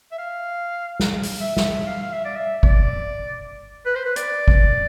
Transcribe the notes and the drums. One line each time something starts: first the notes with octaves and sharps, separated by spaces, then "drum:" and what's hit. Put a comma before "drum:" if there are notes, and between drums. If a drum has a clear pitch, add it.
E5
F5
drum: snare
drum: open hi-hat
E5
E5, drum: snare
E5
F5
F5
E5
D5
E5
D5, drum: kick
B4
C5
B4
D5, drum: hi-hat
drum: kick